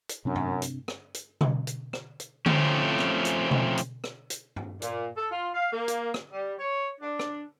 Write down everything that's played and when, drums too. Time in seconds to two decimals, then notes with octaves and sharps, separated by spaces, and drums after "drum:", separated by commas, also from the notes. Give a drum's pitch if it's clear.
0.09 drum: hi-hat
0.25 F#2 C3 C4 D4
0.35 drum: tom
0.62 drum: hi-hat
0.88 drum: rim click
1.14 drum: hi-hat
1.41 drum: tom B2
1.67 drum: hi-hat
1.93 drum: rim click
2.20 drum: hi-hat
2.46 F3 A3 C4 C#4, drum: tom D3
2.99 drum: rim click
3.25 drum: hi-hat
3.51 drum: tom B2
3.77 drum: hi-hat
4.04 drum: rim click
4.30 drum: hi-hat
4.56 drum: tom
4.82 A#2, drum: hi-hat
5.16 A4
5.31 F4
5.54 F5
5.72 A#3
5.88 drum: hi-hat
6.14 drum: rim click
6.32 G3
6.59 C#5
7.01 D4
7.19 drum: rim click